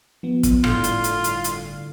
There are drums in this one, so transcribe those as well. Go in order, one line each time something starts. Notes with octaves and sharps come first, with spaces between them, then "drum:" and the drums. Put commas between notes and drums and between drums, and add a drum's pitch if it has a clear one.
F3 B3
drum: kick, hi-hat
G1 A2 D3 F4 C7, drum: rim click
drum: hi-hat
drum: hi-hat
drum: hi-hat
drum: hi-hat